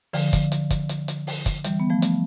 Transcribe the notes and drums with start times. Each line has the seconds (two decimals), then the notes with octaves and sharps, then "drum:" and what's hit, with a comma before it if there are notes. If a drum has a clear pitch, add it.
0.13 D3 F3, drum: open hi-hat
0.33 drum: kick, hi-hat
0.52 drum: hi-hat
0.70 drum: kick, hi-hat
0.89 drum: hi-hat
1.08 drum: hi-hat
1.27 drum: open hi-hat
1.46 drum: kick, hi-hat
1.64 E3 G3, drum: hi-hat
1.80 B3
1.90 F3 A3
2.02 drum: hi-hat